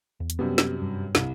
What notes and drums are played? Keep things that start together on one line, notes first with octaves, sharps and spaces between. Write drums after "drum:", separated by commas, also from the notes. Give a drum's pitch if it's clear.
E2
drum: hi-hat
F#2 C3 G3 B3
drum: snare
G2
C2, drum: snare